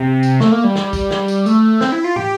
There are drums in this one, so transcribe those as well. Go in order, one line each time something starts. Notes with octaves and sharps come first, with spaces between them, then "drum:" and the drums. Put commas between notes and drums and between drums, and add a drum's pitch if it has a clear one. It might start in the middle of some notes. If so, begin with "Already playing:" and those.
Already playing: C3
drum: tambourine
A3, drum: snare
A#3
G3
drum: snare
drum: kick, tambourine
drum: snare
drum: tambourine
A3, drum: tambourine
C4, drum: snare
E4
F4
G4, drum: tom